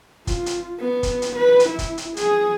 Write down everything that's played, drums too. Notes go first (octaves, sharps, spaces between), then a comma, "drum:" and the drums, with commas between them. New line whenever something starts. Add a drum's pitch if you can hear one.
F4, drum: kick, hi-hat
drum: hi-hat
B3
drum: kick, hi-hat
drum: hi-hat
B4
drum: hi-hat
E4
drum: kick, hi-hat
drum: hi-hat
G#4, drum: hi-hat